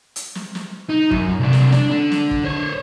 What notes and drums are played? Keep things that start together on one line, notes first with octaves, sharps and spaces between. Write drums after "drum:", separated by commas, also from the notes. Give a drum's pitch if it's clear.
drum: hi-hat
drum: snare
drum: snare
D#4
F#2, drum: kick
C2 D4
drum: snare
D4, drum: snare
D3 D4
drum: snare
drum: kick
C5 C#5